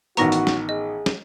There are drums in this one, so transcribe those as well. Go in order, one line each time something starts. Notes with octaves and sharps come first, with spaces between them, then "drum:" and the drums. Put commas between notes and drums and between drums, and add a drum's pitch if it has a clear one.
A1 D#3 B3 F#4 A#5 C#6 A#6, drum: hi-hat
drum: hi-hat
drum: snare
G#4 D#5
drum: snare